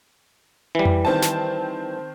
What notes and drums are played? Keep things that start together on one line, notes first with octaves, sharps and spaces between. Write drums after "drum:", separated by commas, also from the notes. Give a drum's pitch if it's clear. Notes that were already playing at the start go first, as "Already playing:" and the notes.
E3 G3
drum: tom F2
D#3 C4 A5
drum: snare